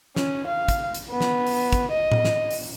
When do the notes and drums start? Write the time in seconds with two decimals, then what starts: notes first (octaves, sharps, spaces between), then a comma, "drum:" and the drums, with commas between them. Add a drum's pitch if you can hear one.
0.16 C#4, drum: snare
0.47 F5
0.68 drum: kick, hi-hat
0.94 drum: hi-hat
1.11 B3
1.20 drum: snare
1.47 drum: open hi-hat
1.73 drum: kick, hi-hat
1.91 D#5
2.12 drum: tom A2
2.25 drum: snare
2.51 drum: open hi-hat